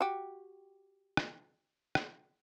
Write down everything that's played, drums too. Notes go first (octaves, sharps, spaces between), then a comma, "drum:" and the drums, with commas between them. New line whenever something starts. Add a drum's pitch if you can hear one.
F#4 G4
drum: rim click
drum: rim click